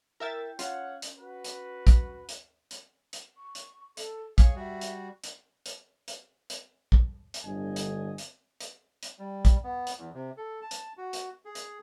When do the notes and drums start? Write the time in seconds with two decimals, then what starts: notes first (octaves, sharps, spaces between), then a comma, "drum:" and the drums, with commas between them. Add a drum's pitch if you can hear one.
0.20 E4 A#4 E5 G5 G6 A6
0.59 C#4 F4 C#5 F5 F#5, drum: hi-hat
1.02 drum: hi-hat
1.19 F#4 B4
1.44 drum: hi-hat
1.87 drum: kick, hi-hat
2.29 drum: hi-hat
2.71 drum: hi-hat
3.13 drum: hi-hat
3.38 C#6
3.55 drum: hi-hat
3.97 A4, drum: hi-hat
4.38 G#4 C#5 F5, drum: kick, hi-hat
4.56 G3 F#4 E5
4.81 drum: hi-hat
5.24 drum: hi-hat
5.66 drum: hi-hat
6.08 drum: hi-hat
6.50 drum: hi-hat
6.92 drum: kick
7.34 drum: hi-hat
7.44 G1 A2 D3 D#5 G#5
7.76 drum: hi-hat
8.18 drum: hi-hat
8.60 drum: hi-hat
9.03 drum: hi-hat
9.19 G3
9.45 drum: kick, hi-hat
9.64 B3
9.87 drum: hi-hat
9.98 E2
10.14 C3
10.37 A4
10.62 A5
10.71 drum: hi-hat
10.98 F#4
11.13 drum: hi-hat
11.45 G#4
11.55 drum: hi-hat